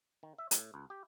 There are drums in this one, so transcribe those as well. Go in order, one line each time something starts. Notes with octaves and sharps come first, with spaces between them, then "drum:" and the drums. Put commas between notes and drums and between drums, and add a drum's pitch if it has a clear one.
D#3
E5
A2, drum: hi-hat
C#2
G4